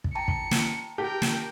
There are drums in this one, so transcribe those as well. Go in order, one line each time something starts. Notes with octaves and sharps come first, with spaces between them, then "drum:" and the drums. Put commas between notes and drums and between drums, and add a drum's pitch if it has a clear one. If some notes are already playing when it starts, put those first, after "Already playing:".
drum: kick
G5 A5 A#5 C#7
drum: kick
drum: snare
G4 A#4 G5 A5
drum: snare